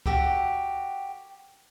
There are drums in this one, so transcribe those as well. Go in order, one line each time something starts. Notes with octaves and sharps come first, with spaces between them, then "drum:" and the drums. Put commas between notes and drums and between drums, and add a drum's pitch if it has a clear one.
F#4 G4 A4, drum: kick C#2